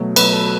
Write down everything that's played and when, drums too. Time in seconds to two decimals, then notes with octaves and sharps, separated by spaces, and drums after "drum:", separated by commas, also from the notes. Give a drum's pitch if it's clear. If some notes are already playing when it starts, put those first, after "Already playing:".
Already playing: B2 F#3 A3
0.16 B2 F#3 A3 B4, drum: cymbal
0.33 A4